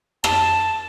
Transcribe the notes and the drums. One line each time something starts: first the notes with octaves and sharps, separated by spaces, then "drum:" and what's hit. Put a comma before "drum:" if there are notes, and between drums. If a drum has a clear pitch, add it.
A5, drum: rim click